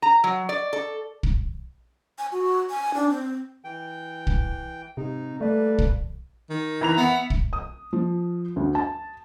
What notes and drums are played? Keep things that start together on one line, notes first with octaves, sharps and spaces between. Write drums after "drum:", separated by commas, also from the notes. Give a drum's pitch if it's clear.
A#5
F#3
D5
A4
drum: kick
G#5
F#4
G#5
D4
C4
E3 G5
drum: kick
G#2 C3 D#4
G3 A3 A#3 A4 B4 D5
drum: kick
D#3
E3 A#5 F7
B3 E5 C#7
drum: kick
D#6
F3
D2
A5